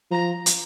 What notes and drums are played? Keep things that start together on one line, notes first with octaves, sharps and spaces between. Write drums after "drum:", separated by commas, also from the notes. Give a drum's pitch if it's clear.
F3 A#5
drum: hi-hat